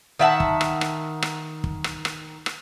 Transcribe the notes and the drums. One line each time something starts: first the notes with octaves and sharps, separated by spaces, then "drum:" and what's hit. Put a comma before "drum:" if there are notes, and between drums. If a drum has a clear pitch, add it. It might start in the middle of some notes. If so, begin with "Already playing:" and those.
D#3 E5 F#5 A5
drum: kick
drum: rim click
drum: rim click
drum: rim click
drum: kick
drum: rim click
drum: rim click
drum: rim click